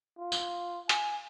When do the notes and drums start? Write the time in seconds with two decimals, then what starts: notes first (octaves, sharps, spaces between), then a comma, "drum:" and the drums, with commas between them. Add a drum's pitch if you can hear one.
0.19 F4
0.32 drum: tambourine
0.89 G#5, drum: hi-hat